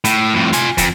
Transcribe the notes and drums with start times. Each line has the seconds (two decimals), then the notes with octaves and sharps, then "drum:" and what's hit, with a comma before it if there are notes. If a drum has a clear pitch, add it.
0.05 A2, drum: hi-hat
0.34 F2 A2
0.53 F4 G#5, drum: hi-hat
0.78 F2, drum: kick, hi-hat